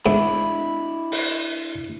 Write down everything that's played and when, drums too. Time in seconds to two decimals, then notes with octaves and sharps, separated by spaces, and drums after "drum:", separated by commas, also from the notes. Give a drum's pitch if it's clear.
0.06 G#2 D4 E4 E5 B5
1.12 drum: open hi-hat